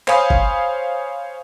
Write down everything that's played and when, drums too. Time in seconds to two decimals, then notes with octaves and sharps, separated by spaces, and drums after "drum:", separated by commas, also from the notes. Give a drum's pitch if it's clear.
0.08 C5 C#5 F5 G#5 B5 D#6, drum: clap
0.30 drum: kick F#1